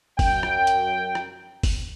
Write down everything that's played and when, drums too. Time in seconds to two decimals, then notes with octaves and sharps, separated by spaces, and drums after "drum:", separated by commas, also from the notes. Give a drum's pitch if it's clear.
0.19 F#2 G5, drum: kick G1, open hi-hat
0.43 drum: rim click
0.67 drum: hi-hat
1.15 drum: rim click
1.63 drum: kick G1, open hi-hat